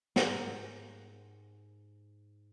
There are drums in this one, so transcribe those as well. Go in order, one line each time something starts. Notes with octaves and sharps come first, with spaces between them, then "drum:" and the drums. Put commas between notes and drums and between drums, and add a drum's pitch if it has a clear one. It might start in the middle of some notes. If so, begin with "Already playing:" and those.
G#2 G4 A#4, drum: snare